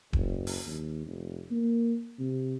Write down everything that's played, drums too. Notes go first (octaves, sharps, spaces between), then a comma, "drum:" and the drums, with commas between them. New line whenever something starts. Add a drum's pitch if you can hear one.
F#1, drum: kick D#1
drum: open hi-hat
D#2
F1
A#3
C3